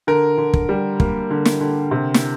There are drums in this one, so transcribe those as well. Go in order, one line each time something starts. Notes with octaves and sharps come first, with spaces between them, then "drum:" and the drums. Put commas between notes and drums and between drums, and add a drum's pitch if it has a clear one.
D3 A#4
D3
drum: kick
G3
A#3, drum: kick
D3
drum: snare
D3
C3
drum: snare